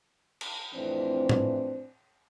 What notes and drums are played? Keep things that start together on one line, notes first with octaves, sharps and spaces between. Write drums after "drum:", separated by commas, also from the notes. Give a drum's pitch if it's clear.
drum: cymbal
F2 A2 E3 C4 D4
drum: tom A2